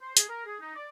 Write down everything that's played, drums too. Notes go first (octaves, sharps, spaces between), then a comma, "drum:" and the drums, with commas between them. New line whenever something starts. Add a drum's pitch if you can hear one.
C5
G#4, drum: hi-hat
A#4
G#4
D#4
D5